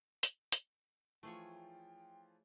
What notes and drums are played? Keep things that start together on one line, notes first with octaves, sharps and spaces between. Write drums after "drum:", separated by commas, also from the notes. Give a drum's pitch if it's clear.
drum: hi-hat
drum: hi-hat
E3 F3 A3 F4 G#4 C#5 G5